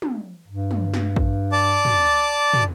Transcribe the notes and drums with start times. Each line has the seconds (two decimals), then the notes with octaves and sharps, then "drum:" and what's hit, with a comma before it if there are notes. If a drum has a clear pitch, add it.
0.02 drum: tom
0.48 G2
0.71 drum: tom
0.94 drum: snare
1.16 drum: kick
1.52 D5 A5 D6
1.85 drum: tom
2.54 drum: tom